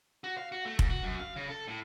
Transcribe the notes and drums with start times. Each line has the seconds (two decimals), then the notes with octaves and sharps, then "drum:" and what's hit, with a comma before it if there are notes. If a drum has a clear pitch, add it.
0.24 F#4
0.37 F5
0.52 F#4
0.65 A3
0.79 G#2, drum: kick F1
0.90 F#4
1.03 F#2
1.19 F5
1.36 C#3
1.49 A4
1.68 A2